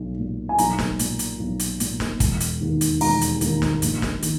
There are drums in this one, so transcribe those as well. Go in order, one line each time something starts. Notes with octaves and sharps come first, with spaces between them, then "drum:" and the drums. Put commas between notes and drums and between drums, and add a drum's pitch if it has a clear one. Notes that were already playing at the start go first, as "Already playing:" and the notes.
Already playing: B1
A#2
G#5
B1 A#5, drum: hi-hat
drum: snare
A#2, drum: hi-hat
drum: hi-hat
B1
drum: hi-hat
A#2, drum: hi-hat
drum: snare
E1, drum: kick, hi-hat
drum: hi-hat
D#2 D#3
drum: hi-hat
E1 A#5, drum: open hi-hat
drum: hi-hat
D#2 D#3, drum: hi-hat
drum: snare
A#1, drum: hi-hat
drum: snare
D#3, drum: hi-hat